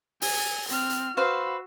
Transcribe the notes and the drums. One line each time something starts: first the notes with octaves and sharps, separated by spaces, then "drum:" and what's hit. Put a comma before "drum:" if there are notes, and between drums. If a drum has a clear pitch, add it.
G#5, drum: open hi-hat
C4 F6, drum: hi-hat
drum: hi-hat
F#4 B4 C5 F5 E6